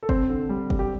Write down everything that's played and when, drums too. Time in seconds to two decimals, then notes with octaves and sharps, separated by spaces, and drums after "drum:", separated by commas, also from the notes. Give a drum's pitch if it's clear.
0.03 A4
0.09 C4 C5, drum: kick
0.30 D3
0.49 G3
0.70 G3, drum: kick
0.79 G4